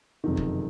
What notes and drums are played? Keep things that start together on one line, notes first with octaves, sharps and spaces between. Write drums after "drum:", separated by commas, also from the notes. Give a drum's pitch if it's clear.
F#1 F2 C3 D#3
drum: kick